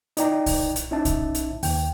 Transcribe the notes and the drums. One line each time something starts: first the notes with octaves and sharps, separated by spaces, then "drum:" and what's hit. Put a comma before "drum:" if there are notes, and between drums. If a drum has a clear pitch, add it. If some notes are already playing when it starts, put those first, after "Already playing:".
D#4 E4 D5 G5 A#5, drum: hi-hat
drum: kick, open hi-hat
drum: hi-hat
C#4 D#4 E4 E5 A5
drum: kick, hi-hat
drum: hi-hat
D#2 G5, drum: open hi-hat